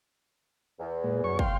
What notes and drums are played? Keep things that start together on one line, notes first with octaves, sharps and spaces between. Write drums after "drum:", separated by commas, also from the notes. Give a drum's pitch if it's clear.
E2
A#2 G#3
F#2 C#5 C#6
F5 G5 C6, drum: kick